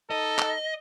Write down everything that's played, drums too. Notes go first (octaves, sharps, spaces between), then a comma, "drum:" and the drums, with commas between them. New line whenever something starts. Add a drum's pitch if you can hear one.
D#4 A4 D#5
drum: clap